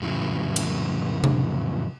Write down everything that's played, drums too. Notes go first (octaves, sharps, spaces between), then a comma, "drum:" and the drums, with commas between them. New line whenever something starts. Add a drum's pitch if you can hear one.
F2 A2 C#3 E3 F#3
drum: cymbal
drum: tom C3